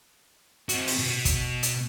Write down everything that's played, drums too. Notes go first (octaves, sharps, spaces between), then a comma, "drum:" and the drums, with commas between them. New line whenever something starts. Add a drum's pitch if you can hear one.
C4 F#4, drum: hi-hat
drum: open hi-hat
B2
drum: kick, hi-hat
drum: hi-hat